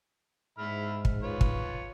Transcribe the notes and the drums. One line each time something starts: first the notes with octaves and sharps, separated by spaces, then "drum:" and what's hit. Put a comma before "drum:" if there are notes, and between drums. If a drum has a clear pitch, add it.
G#2 E5 B5 F6
drum: kick
F4 B4 C#5
drum: kick